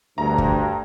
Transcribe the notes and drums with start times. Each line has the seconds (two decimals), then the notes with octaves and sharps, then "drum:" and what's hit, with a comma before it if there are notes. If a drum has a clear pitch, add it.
0.18 D2 G2 A#5
0.38 drum: kick